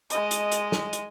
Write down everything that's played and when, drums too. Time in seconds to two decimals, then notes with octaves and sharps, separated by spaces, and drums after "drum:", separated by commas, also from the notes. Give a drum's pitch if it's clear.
0.10 G#3 D#5, drum: hi-hat
0.31 drum: hi-hat
0.52 drum: hi-hat
0.72 drum: snare
0.93 drum: hi-hat